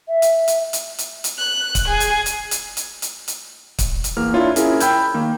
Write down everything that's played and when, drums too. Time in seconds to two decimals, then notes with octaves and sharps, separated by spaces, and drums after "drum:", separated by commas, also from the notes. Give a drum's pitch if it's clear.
0.08 E5
0.22 drum: hi-hat
0.48 drum: hi-hat
0.73 drum: hi-hat
0.99 drum: hi-hat
1.24 drum: hi-hat
1.39 F#6
1.75 drum: kick, hi-hat
1.89 G#4
2.00 drum: hi-hat
2.26 drum: hi-hat
2.51 drum: hi-hat
2.77 drum: hi-hat
3.02 drum: hi-hat
3.28 drum: hi-hat
3.79 drum: kick, hi-hat
4.04 drum: hi-hat
4.17 E2 A#3 F6
4.34 D4 E4 F4 C#5
4.56 C#4 E4 G#4 A#4, drum: hi-hat
4.80 G5 B5 E6 G6 G#6, drum: hi-hat
5.14 D#3 A#3